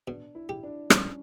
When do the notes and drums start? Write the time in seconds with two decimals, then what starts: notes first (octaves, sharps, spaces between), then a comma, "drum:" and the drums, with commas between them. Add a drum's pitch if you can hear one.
0.08 B2 D4
0.35 E4
0.49 G4
0.63 D4
0.90 G2 C#4, drum: rim click